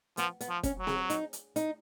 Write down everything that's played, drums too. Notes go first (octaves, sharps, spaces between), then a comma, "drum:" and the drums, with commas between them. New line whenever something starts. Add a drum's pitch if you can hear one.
F3 B3, drum: hi-hat
B3, drum: hi-hat
F3
C#4, drum: kick, hi-hat
F#3
G#4, drum: snare C4
D#4, drum: hi-hat
drum: hi-hat
D#4, drum: hi-hat